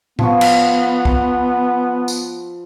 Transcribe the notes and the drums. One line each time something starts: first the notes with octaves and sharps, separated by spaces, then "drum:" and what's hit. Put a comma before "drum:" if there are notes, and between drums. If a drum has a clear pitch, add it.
F3 B3 C#6, drum: tom A2
drum: cymbal
drum: kick
drum: tambourine